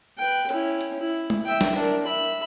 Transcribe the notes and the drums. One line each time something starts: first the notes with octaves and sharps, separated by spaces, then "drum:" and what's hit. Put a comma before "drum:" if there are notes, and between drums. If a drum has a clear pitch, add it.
B4 G5
C#4 E4, drum: hi-hat
drum: hi-hat
E4
drum: tom G#3
E5 G5
drum: snare
D4 A#4
E5 B5